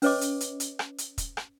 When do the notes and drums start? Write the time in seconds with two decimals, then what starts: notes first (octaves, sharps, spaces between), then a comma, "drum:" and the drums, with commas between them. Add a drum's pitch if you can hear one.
0.02 C#4 B4 C#5 D#5 D6, drum: open hi-hat
0.21 drum: hi-hat
0.41 drum: hi-hat
0.60 drum: hi-hat
0.79 drum: rim click
0.98 drum: hi-hat
1.18 drum: kick, hi-hat
1.37 drum: rim click